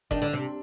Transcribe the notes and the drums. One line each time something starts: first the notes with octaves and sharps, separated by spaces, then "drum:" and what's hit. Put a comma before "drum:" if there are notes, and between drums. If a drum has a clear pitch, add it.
D#3 D4, drum: kick F#1
D3 D4
C3